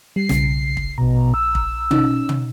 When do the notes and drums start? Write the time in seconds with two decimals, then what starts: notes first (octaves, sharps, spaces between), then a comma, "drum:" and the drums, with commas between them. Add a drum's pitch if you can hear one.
0.16 G3 C7
0.29 B1 C#3, drum: snare
0.77 drum: kick
0.98 A#1 B2 A#5
1.34 E6
1.55 drum: kick
1.91 C#4 D#4, drum: tom
2.29 drum: tom